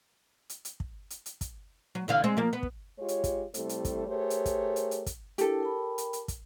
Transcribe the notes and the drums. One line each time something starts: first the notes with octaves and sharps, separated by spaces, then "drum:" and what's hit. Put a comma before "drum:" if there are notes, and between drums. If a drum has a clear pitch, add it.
drum: hi-hat
drum: hi-hat
drum: kick
drum: hi-hat
drum: hi-hat
drum: kick, hi-hat
F#3
E2 D3 F5
G#3 C4
F3 A#3
B3
drum: kick
G#3 F4 G4 C#5
drum: hi-hat
drum: kick, hi-hat
C3 G3 A3 E4 A4 C5, drum: hi-hat
drum: hi-hat
drum: kick, hi-hat
A3 G4 G#4 A#4 C5 C#5
drum: hi-hat
drum: kick, hi-hat
drum: hi-hat
drum: hi-hat
drum: kick, hi-hat
D4 E4 G4 A4 A#4, drum: hi-hat
A#4 G5 B5
drum: hi-hat
drum: hi-hat
drum: kick, hi-hat